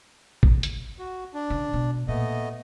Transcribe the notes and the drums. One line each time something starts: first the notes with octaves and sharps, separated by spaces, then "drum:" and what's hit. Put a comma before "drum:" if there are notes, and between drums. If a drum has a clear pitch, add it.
drum: kick
drum: hi-hat
F#4
D4
C#3
B2
A#2 A3 B3 D#5